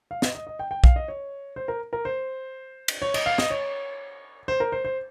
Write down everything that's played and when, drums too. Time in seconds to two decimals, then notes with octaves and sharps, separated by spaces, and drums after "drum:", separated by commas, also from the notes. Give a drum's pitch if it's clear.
0.11 F5
0.22 D#5, drum: snare
0.35 D#5
0.47 D#5
0.59 G5
0.71 G5
0.84 F5, drum: kick
0.96 D#5
1.08 C#5
1.56 C5
1.68 A#4
1.93 A#4
2.05 C5
2.88 drum: cymbal
3.02 C#5
3.14 D#5, drum: cymbal
3.26 F5
3.38 D#5, drum: snare
3.50 C#5
4.48 C5
4.60 A#4
4.72 C5
4.85 C5